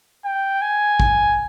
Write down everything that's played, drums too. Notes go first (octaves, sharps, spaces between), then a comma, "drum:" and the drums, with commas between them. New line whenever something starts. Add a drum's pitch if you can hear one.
G5
G#5
drum: kick G#1